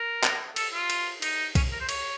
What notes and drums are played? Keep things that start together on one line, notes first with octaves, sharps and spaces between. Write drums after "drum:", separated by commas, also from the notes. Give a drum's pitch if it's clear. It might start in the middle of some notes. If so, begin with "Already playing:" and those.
Already playing: A#4
drum: clap
A4, drum: cymbal
F4
drum: cymbal
D#4, drum: cymbal
C#4, drum: kick B1, cymbal
A#4
C5
C#5, drum: cymbal